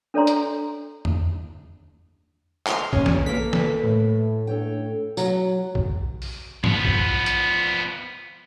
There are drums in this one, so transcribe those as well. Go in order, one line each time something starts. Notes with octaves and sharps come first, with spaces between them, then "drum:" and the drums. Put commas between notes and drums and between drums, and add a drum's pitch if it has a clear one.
D4 A4 C#5 D5 A#5 C6
drum: hi-hat
drum: tom E2
C6 F6, drum: clap
A#3 C#4 C#5, drum: kick A#1
drum: snare
A#3 A4 B4 B6
drum: snare
A2
D4 A4 C#5 G5
F#3, drum: tambourine
drum: kick A#1
drum: open hi-hat
F3 B3, drum: tom G#2
drum: kick A#1
drum: hi-hat